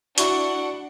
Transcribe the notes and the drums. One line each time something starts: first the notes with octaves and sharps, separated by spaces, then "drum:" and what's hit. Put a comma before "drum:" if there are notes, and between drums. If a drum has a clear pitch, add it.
D4 E4 F#4 F#5, drum: hi-hat